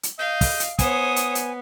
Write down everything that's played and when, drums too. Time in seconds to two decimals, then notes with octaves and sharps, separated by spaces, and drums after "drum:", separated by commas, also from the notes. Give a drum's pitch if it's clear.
0.03 drum: hi-hat
0.19 D#5 F5 G6
0.41 drum: kick, open hi-hat
0.60 drum: hi-hat
0.79 B3 C5 C#5 G#5 D#6, drum: kick, hi-hat
1.16 drum: hi-hat
1.35 drum: hi-hat